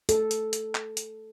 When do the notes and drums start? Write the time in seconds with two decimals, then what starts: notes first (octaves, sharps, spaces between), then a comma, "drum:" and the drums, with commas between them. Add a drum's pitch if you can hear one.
0.09 A4, drum: hi-hat
0.31 drum: hi-hat
0.53 drum: hi-hat
0.75 drum: clap
0.97 drum: hi-hat